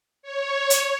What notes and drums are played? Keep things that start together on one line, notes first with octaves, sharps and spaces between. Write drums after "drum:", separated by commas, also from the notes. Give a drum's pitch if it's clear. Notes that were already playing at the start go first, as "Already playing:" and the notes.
C#5
drum: hi-hat